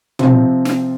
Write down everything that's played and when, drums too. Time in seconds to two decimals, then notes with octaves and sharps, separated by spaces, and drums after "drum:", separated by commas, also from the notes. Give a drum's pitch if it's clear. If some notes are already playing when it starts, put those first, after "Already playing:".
0.19 C3 F3 C4, drum: tom
0.65 drum: snare